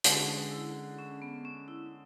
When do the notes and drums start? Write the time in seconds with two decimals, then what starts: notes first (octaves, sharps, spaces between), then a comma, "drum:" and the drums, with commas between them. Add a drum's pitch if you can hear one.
0.04 D3 G#3 C#4 F#4, drum: hi-hat
0.51 E4
0.99 C#4
1.22 B3
1.45 C#4
1.68 E4